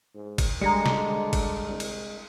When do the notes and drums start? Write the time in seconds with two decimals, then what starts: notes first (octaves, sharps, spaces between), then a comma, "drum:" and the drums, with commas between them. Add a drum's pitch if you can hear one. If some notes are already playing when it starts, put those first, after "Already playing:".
0.15 G#2
0.38 drum: kick G1, cymbal
0.61 D3 G3 G#3 A#5 C#7
0.86 drum: snare
1.33 drum: kick G1, cymbal
1.69 C2
1.80 drum: cymbal